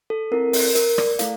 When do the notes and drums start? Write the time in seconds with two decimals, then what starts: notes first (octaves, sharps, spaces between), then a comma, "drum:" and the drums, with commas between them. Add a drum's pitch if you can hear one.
0.10 A4
0.31 C4 E4 A4 A#4
0.53 A#4, drum: open hi-hat
0.75 A#4, drum: hi-hat
0.98 D5, drum: rim click
1.19 A3 E4 A4 F5, drum: hi-hat